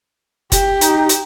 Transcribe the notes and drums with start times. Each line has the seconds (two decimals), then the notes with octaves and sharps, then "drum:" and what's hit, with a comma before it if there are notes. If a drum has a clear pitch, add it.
0.52 G4, drum: kick F#1, hi-hat
0.81 D#4, drum: hi-hat
1.09 drum: hi-hat